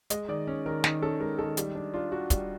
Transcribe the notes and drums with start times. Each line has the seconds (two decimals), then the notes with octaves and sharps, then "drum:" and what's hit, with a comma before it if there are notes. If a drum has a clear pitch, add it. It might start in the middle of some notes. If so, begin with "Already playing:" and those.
0.10 G#3 D#5, drum: hi-hat
0.28 D#3 D5
0.47 C#4
0.66 D#3 A#4
0.84 D#3, drum: snare
1.02 C#4 A4
1.20 G#3 A#4
1.39 D#3 A4
1.57 G3, drum: hi-hat
1.75 D4
1.94 D4 F4
2.12 D4 F#4
2.30 G3, drum: kick, hi-hat